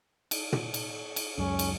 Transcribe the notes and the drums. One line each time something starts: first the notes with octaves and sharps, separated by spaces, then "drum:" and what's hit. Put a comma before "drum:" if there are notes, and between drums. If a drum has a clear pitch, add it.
drum: cymbal
drum: tom
drum: cymbal
drum: cymbal
C#2 F#2 C#3 C#4
drum: cymbal